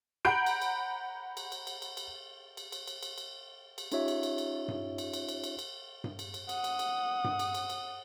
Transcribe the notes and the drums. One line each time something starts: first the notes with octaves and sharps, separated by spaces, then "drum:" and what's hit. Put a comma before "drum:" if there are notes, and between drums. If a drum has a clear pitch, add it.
F#5 A#5 B5 G6 D7
drum: cymbal
drum: cymbal
drum: cymbal
drum: cymbal
drum: cymbal
drum: cymbal
drum: cymbal
drum: cymbal
drum: cymbal
drum: cymbal
drum: cymbal
drum: cymbal
drum: cymbal
C#4 D#4 F4 G4 C#5 E5, drum: cymbal
drum: cymbal
drum: cymbal
drum: cymbal
drum: tom G2
drum: cymbal
drum: cymbal
drum: cymbal
drum: cymbal
drum: cymbal
drum: tom G2
drum: cymbal
drum: cymbal
F#5 D#6, drum: cymbal
drum: cymbal
drum: cymbal
drum: tom G2
drum: cymbal
drum: cymbal
drum: cymbal